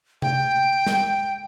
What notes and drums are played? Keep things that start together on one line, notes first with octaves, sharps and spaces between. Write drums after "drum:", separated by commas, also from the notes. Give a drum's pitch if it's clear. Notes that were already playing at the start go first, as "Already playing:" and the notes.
G5, drum: tom C3
drum: snare